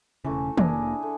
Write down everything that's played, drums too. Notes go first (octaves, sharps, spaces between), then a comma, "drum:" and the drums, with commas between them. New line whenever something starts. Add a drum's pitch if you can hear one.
E1 C#3 E3 A3
F1 G#2 A#3 D4 E4 G#4, drum: tom
D3